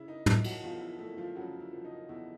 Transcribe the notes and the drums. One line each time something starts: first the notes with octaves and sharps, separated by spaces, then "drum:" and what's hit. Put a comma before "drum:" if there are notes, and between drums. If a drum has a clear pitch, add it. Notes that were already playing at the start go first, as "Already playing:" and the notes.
Already playing: C#3 E4
D#4
F3 E4, drum: tom
F#3 F#4, drum: cymbal
E2 F3 F4
E4
A3 E4
F3 F4
C#3 F#3 F#4
E4
F3
D#4
E2 E4